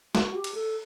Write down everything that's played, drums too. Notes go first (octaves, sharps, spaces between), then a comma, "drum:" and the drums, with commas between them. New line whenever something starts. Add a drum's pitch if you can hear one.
F#4, drum: snare
G4
drum: cymbal
A4